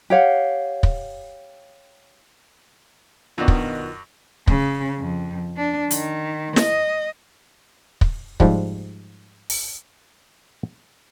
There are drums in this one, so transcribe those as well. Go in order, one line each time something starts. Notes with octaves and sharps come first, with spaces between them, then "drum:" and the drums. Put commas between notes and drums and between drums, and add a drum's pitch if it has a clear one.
G4 C#5 F5 F#5
drum: kick
F#2 B2 D#3 B3 D4 F4 F#4 D5
drum: kick
C#3, drum: kick
F2
D4
D#3, drum: hi-hat
D#5, drum: snare
drum: kick
G#2 F3 G3, drum: kick
drum: open hi-hat